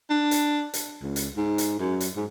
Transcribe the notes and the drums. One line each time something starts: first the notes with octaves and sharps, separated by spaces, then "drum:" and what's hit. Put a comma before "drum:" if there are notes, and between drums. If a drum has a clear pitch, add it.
D4
drum: hi-hat
drum: hi-hat
C#2
drum: hi-hat
G#2
drum: hi-hat
F#2
drum: hi-hat
G#2